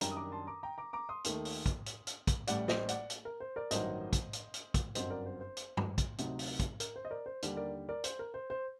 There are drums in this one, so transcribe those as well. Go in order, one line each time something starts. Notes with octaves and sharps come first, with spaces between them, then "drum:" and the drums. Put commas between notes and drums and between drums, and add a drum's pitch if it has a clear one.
F#2 D#3 G3 D4 G5 A#5, drum: hi-hat
D#6
A#5 D6
A5 C6
A#5 D6
G5 A#5
A#5 D6
A#5 D6
C6 D#6
D#2 D#3 A3, drum: hi-hat
drum: open hi-hat
drum: kick, hi-hat
drum: hi-hat
drum: hi-hat
drum: kick, hi-hat
A1 A2 G3 D5 F#5, drum: hi-hat
C5 D#5, drum: snare
D5 F#5, drum: hi-hat
drum: hi-hat
A#4
C5
A#4 D5
A1 G2 D#3 F#3 C5 D#5, drum: hi-hat
drum: kick, hi-hat
drum: hi-hat
drum: hi-hat
drum: kick, hi-hat
G1 F#2 F#3 C4 C5 D#5, drum: hi-hat
A#4 D5
C5
C5
drum: hi-hat
drum: tom G2
drum: kick, hi-hat
D2 C3 F#3 C4 D#4, drum: hi-hat
drum: open hi-hat
drum: kick, hi-hat
A#4, drum: hi-hat
C5
D#5
A#4 D5
C5
D#2 D3 G3, drum: hi-hat
A#4 D5
A#4 D5
C5, drum: hi-hat
A#4
C5
C5